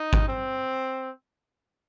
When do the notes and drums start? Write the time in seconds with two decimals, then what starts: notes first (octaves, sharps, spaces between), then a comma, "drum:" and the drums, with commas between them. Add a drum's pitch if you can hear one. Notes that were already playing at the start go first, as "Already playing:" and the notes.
Already playing: D#4
0.13 drum: kick G#1
0.28 C4